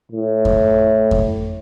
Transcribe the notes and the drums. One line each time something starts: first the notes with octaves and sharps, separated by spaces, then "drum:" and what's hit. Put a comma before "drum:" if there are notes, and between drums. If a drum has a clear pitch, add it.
A2
drum: kick F2
drum: kick F2